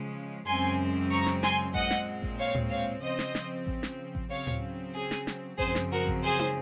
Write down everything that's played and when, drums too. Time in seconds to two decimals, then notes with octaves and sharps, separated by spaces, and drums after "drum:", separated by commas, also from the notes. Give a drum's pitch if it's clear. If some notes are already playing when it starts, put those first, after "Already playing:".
Already playing: C#3 F3 G#3
0.46 F#2 C#3 G#3 C4 G#5 C6
1.11 A#5 C#6
1.26 drum: snare
1.43 G#5 C6, drum: snare
1.74 A#2 G#3 C4 D#5 F#5, drum: kick A1
1.91 drum: snare
2.23 drum: kick A1
2.38 C#5 F5
2.55 drum: tom A2
2.70 C#5 F5
3.02 C#3 F3 C4 C5 D#5
3.19 drum: snare
3.35 drum: snare
3.67 drum: kick A1
3.83 drum: snare
4.15 drum: kick A1
4.30 C#3 F#3 C4 C#5 F5
4.47 drum: tom A2
4.95 G#4
5.11 drum: snare
5.27 drum: snare
5.59 F#2 C#3 F3 C4 G#4 C5, drum: kick A1
5.75 drum: snare
5.92 F#4 A#4
6.07 drum: kick A1
6.23 G#4 C5
6.39 drum: tom